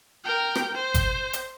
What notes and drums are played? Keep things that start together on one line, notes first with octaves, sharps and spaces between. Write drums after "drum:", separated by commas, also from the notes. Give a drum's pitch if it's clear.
A#4 G5
drum: rim click
C5
drum: kick G1, hi-hat
drum: hi-hat